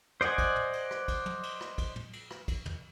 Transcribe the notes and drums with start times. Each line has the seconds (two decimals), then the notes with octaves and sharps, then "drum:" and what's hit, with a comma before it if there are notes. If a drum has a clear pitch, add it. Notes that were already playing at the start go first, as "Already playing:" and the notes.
0.21 C5 D5 D#5 F#5 G#5, drum: rim click
0.38 drum: kick, cymbal
0.56 drum: tom
0.73 drum: cymbal
0.91 drum: rim click
1.08 drum: kick, cymbal
1.26 drum: tom
1.43 drum: cymbal
1.61 drum: rim click
1.78 drum: kick, cymbal
1.96 drum: tom
2.13 drum: cymbal
2.31 drum: rim click
2.48 drum: kick, cymbal
2.66 drum: tom